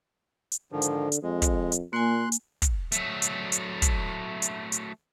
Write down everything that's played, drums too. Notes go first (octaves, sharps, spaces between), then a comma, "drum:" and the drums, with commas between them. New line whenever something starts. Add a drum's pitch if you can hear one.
drum: hi-hat
G#2 D3 D#3 F3
drum: hi-hat
drum: hi-hat
F2 G#3
drum: kick, hi-hat
drum: hi-hat
A#2 A#3 G#5 C6 F#6
drum: hi-hat
drum: kick, hi-hat
F#3 A3, drum: hi-hat
drum: hi-hat
drum: hi-hat
drum: kick, hi-hat
drum: hi-hat
drum: hi-hat